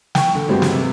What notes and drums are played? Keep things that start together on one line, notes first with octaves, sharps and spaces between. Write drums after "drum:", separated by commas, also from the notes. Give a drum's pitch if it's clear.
G5 C#6, drum: snare
D3
G2 F#3 G#3 B3 C4 G4
drum: snare
C3